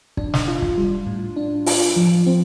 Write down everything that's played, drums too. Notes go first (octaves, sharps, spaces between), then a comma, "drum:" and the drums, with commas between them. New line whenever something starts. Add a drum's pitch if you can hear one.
D4, drum: kick
drum: snare
F4
drum: kick
G3
A2
D4
F4, drum: open hi-hat
F3
C4